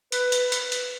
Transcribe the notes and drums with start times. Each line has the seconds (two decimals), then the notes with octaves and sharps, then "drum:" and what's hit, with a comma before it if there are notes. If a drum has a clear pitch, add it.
0.12 B4, drum: hi-hat
0.32 drum: hi-hat
0.52 drum: hi-hat
0.72 drum: hi-hat